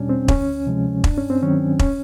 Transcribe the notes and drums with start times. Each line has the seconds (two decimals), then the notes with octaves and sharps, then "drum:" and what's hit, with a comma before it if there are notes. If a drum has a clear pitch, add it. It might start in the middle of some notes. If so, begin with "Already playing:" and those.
Already playing: E2 B2 G3 C#4 D4
0.09 C4
0.28 D2 C#4, drum: kick E1
0.67 C3 F3 G#3
1.04 G2 D4, drum: kick E1
1.17 C#4
1.30 C4
1.42 D#3 F#3 C#4
1.79 C#4, drum: kick E1